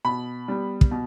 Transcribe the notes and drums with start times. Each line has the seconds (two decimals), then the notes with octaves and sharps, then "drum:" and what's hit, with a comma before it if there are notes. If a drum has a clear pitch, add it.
0.05 B2 B5
0.48 G3 B3
0.81 drum: kick
0.91 B2